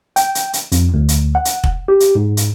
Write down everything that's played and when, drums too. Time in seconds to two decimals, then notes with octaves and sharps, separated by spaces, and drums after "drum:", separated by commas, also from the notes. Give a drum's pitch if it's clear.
0.16 G5, drum: hi-hat
0.35 drum: hi-hat
0.53 drum: hi-hat
0.72 F2, drum: hi-hat
0.94 D2
1.08 drum: hi-hat
1.35 F#5
1.45 drum: hi-hat
1.64 drum: kick
1.88 G4
2.00 drum: hi-hat
2.15 G#2
2.37 drum: hi-hat